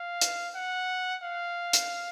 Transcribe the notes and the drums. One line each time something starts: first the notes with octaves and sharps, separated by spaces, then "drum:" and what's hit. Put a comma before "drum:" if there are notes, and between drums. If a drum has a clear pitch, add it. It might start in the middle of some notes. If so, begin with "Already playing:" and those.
Already playing: F5
drum: hi-hat
F#5
F5
drum: hi-hat